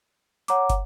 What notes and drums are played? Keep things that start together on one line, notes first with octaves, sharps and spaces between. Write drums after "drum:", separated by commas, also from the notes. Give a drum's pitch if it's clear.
C#5 F#5 A#5 D6, drum: hi-hat
drum: kick, hi-hat